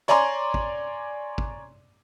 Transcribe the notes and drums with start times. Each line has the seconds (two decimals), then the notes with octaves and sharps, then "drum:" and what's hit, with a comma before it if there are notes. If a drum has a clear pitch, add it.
0.08 C#5 D5 G#5 A#5 C6, drum: hi-hat
0.54 drum: kick
1.38 drum: kick